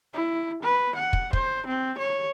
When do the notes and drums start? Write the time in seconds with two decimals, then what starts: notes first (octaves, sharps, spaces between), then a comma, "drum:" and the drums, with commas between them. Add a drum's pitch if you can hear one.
0.14 E4
0.63 B4
0.95 F#5
1.13 drum: kick
1.33 C5, drum: kick
1.67 C4
1.98 C#5